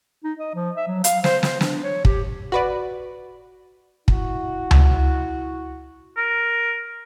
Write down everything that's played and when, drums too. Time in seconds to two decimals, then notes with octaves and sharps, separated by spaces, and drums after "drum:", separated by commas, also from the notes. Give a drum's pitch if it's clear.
0.24 D#4
0.39 D#5
0.55 F3
0.76 E5
0.88 F#3
1.04 F5, drum: hi-hat
1.24 C5, drum: snare
1.43 C5, drum: snare
1.61 D4, drum: snare
1.84 C#5
2.05 G4, drum: kick
2.52 F#4 B4 D5
4.08 E4 F#4, drum: kick
4.71 drum: tom C#2
6.17 A#4